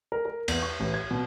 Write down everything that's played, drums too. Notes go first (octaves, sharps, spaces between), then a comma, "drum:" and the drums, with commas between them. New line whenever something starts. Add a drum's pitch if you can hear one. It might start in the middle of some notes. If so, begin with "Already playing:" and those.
A#4
A#4
E2, drum: cymbal
C#6
A1
G#6
B2